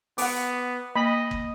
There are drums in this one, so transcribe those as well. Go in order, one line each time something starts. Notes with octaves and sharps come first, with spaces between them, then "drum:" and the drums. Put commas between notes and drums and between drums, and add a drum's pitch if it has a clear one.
B3 F#5 D6, drum: open hi-hat
A#3 D#5 B5
drum: kick G1